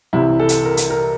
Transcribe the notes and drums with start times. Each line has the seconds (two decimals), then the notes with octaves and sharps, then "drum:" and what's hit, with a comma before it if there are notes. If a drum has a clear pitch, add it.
0.13 C2 C3 E3 E4
0.40 A4
0.49 drum: hi-hat
0.65 A#4
0.77 drum: hi-hat
0.90 A#4